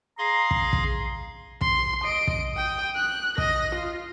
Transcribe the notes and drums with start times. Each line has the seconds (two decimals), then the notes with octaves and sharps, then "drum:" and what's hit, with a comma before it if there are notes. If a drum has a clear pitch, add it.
0.18 G#4 F5 A#5 C6
0.51 drum: kick
0.73 drum: kick
1.61 C6, drum: kick
2.04 D#5 D7
2.27 drum: kick
2.53 G5 D#6
2.96 F#6
3.38 D#5 A#6, drum: kick
3.75 F4